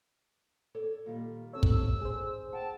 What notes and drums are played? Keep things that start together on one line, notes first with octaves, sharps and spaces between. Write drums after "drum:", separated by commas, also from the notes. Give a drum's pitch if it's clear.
A4 C#5 D5
A#2 D#3 G3
C4 A4 C#5 E6
drum: kick
G#4 C5
F#5 G5 A5